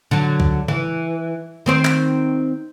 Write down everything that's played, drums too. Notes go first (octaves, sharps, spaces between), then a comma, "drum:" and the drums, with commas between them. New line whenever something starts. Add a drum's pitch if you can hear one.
D3 F#3
drum: kick C#2
E3, drum: tom C#3
D#3 C4 C5
drum: clap